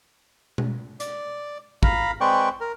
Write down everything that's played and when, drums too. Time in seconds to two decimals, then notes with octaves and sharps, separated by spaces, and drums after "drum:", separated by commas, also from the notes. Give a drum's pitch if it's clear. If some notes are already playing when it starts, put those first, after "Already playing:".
0.58 drum: tom B2
1.00 D5, drum: hi-hat
1.83 F5 A#5 B5, drum: kick
2.21 G#3 C4 B4 D5 G5 C#6
2.60 A#4